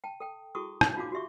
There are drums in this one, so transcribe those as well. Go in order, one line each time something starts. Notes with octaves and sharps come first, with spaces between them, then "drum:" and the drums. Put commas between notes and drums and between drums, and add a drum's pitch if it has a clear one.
G5 A5
A4 G5
E4 F#4 G#4 A4 C#6 D#6
D#4, drum: rim click
F4 F#4 F5 G#5 D6
F#4 G4 E5 C#6